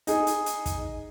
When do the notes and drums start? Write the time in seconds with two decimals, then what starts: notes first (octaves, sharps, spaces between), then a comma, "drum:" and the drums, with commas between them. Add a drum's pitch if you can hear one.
0.07 D#4 G#4, drum: hi-hat
0.27 drum: hi-hat
0.46 drum: hi-hat
0.66 drum: kick, hi-hat